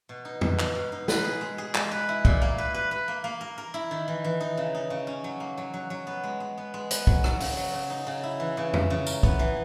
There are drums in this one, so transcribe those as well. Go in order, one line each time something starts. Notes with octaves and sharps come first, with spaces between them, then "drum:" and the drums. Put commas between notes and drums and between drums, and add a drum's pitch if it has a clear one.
B2
D#4
B2, drum: tom F2
D#4, drum: clap
B2
D#4
B4, drum: snare
G#4
G#3
G#4
G#3, drum: clap
B4
E4
A#2, drum: kick
A#3
B4
B4
B4
A#3
A#3
A#4
A#4
E4
D#3
E3
E3
D#4
C#3
D#4
C#3
C#4
F#3
A#3
F#3
F#3
F#3
B3
G#3
G#3
B3
G#3
B3, drum: hi-hat
F#3, drum: kick
F#3, drum: rim click
C#3, drum: open hi-hat
F#3
C#3
D#4
C#3
E4
E3
C#3
C#3, drum: tom F2
C#3
A#4, drum: tambourine
B3, drum: kick
E3